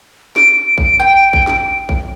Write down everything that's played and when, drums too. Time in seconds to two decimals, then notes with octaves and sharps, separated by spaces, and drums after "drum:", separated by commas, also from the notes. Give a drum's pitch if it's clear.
0.36 D7, drum: snare
0.53 D7
0.78 drum: kick A#1
1.00 G5
1.33 drum: kick A#1
1.47 drum: snare
1.89 drum: kick A#1